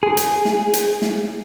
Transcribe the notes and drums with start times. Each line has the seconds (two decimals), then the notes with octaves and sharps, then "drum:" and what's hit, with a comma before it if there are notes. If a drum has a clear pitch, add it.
0.03 G#4
0.17 drum: hi-hat
0.45 drum: snare
0.73 drum: hi-hat
1.02 drum: snare